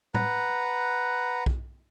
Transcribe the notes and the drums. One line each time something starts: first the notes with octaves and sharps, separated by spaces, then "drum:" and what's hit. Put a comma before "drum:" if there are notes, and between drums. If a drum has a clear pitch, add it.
B4 F#5 A#5, drum: tom A2
drum: kick B1